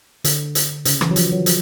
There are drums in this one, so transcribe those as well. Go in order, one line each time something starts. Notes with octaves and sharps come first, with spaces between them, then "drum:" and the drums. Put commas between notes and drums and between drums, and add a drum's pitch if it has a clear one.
D3, drum: hi-hat
drum: hi-hat
C#3, drum: hi-hat
E3, drum: rim click
F#3
F3, drum: hi-hat
F#3
F3, drum: hi-hat